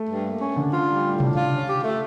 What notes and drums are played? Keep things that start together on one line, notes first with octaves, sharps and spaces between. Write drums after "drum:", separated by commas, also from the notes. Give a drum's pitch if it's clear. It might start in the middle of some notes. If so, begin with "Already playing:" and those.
Already playing: A3
G2
A#3
C#4
D3 D4
F4
G3
A2
D4, drum: tom
F4, drum: tom C3
C#4
G4
A3